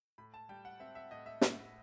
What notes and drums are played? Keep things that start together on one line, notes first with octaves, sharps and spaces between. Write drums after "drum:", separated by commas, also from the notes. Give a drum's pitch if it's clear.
A2 B5
A5
G3 G5
F#5
C4 E5
E5
A2 D#5
E5
A2, drum: snare